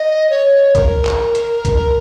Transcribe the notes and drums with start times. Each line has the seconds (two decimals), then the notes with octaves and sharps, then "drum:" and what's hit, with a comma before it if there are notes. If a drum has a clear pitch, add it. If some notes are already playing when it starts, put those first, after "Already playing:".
Already playing: D#5
0.30 C#5
0.75 A#4, drum: kick A1, hi-hat
1.05 drum: clap
1.35 drum: hi-hat
1.65 drum: kick A1, hi-hat